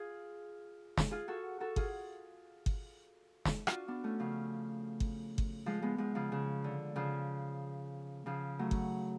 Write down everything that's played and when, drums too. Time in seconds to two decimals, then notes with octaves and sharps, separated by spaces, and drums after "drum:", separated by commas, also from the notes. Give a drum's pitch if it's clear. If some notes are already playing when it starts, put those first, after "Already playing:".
Already playing: F4 G#4
0.98 drum: snare
1.11 F4 G#4
1.28 F#4 A4
1.60 F#4 A4
1.76 F4 G#4, drum: kick G1
2.66 drum: kick G1
3.45 drum: snare
3.67 D4 F4 F#4, drum: rim click
3.88 B3 D4
4.04 A3 C#4
4.20 C#3 F3
5.00 drum: kick G1
5.38 drum: kick G1
5.66 F3 G#3
5.82 G#3 B3
5.98 F3 G#3
6.15 C#3 F3
6.32 C#3
6.64 D3
6.96 C#3 F3
8.26 C#3 F3
8.59 F#3 A3
8.71 drum: kick G1